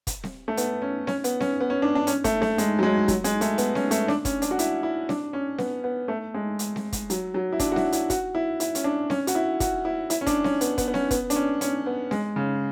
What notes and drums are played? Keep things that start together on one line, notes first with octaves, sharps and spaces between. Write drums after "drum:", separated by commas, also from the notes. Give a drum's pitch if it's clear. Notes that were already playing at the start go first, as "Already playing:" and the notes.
drum: kick, hi-hat
drum: snare C4
A3
B3, drum: hi-hat
C#4
C#4, drum: snare C4
B3, drum: hi-hat
C#4, drum: snare C4
B3
C#4
D4
D4
C#4, drum: hi-hat
A3, drum: kick, hi-hat
A3, drum: snare C4
G#3, drum: hi-hat
F#3
G#3
F#3, drum: kick, hi-hat
G#3, drum: hi-hat
A3, drum: hi-hat
B3, drum: hi-hat
C#4, drum: snare C4
A3, drum: hi-hat
D4, drum: snare C4
C#4, drum: kick, hi-hat
D4, drum: hi-hat
F#4
E4, drum: hi-hat
E4
D4, drum: snare C4
C#4
B3, drum: snare C4
B3
A3
G#3
drum: hi-hat
drum: snare C4
drum: kick, hi-hat
F#3, drum: hi-hat
F#3
E4
D4, drum: kick, hi-hat
F#4
E4, drum: snare C4
E4, drum: hi-hat
F#4, drum: kick, hi-hat
E4
E4, drum: hi-hat
C#4, drum: hi-hat
D4
C#4, drum: snare C4
F#4, drum: hi-hat
E4
F#4, drum: kick, hi-hat
E4
E4, drum: hi-hat
C#4
D4, drum: kick, hi-hat
C#4, drum: snare C4
B3, drum: hi-hat
B3, drum: kick, hi-hat
B3
C#4, drum: snare C4
B3, drum: kick, hi-hat
D4, drum: hi-hat
C#4
C#4, drum: hi-hat
B3
G#3, drum: snare C4
C#3